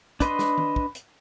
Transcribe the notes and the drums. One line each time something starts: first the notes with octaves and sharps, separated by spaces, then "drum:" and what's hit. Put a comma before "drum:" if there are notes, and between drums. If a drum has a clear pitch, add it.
D4 B4 D#5 C6, drum: kick, hi-hat
drum: snare
drum: tom
drum: kick
drum: hi-hat